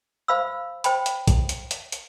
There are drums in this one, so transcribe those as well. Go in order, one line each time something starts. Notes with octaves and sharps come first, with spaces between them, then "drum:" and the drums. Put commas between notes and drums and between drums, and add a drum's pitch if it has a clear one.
C5 F5 B5 E6
C5 G5 B5, drum: hi-hat
drum: hi-hat
drum: kick A#1, hi-hat
drum: hi-hat
drum: hi-hat
drum: hi-hat